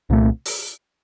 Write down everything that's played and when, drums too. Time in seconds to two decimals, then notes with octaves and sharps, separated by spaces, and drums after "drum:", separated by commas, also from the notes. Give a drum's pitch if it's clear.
0.10 C2 A#2 A3
0.45 drum: open hi-hat